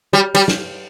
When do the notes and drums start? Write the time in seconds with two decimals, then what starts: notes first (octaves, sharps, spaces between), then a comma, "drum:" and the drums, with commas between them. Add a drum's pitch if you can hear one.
0.13 G3
0.35 G3, drum: cymbal
0.48 drum: snare